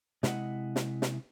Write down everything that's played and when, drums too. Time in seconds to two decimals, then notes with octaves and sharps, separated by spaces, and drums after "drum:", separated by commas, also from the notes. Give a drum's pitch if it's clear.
0.23 C3 G#3 E4 D#5 F#5, drum: snare
0.76 drum: snare
1.02 drum: snare